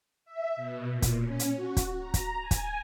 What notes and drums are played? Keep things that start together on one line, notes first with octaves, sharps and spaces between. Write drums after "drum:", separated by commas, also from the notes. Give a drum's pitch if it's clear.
E5
B2
A#2
drum: kick, hi-hat
C#4
drum: hi-hat
F#4
drum: kick, hi-hat
A#5
drum: kick, hi-hat
G#5
drum: kick, hi-hat